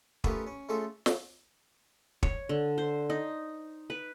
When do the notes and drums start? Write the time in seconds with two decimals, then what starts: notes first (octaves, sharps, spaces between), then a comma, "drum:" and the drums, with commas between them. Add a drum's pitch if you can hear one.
0.24 A3 B3 C#4 F4 G4 A#4, drum: kick
0.47 C#4
0.69 G#3 A3 C#4 F4 A4
1.06 drum: snare
2.23 C#5, drum: kick
2.49 D3
2.78 C5
3.10 D#4
3.90 B4